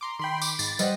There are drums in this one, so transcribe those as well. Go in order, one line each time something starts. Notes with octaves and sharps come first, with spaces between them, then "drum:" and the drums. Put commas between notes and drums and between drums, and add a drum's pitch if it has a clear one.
A#5 C6 D6
D#3 G5 B5 C6
D6, drum: tambourine
G#2 A6, drum: tambourine
G3 B4 C5 D#5 F#5 D#7, drum: tambourine